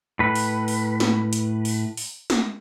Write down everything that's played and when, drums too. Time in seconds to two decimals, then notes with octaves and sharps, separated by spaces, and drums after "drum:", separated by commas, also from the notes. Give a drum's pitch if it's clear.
0.19 A2 B4
0.35 drum: open hi-hat
0.68 drum: open hi-hat
1.00 drum: snare G#3
1.33 drum: hi-hat
1.65 drum: open hi-hat
1.97 drum: open hi-hat
2.30 drum: snare G#3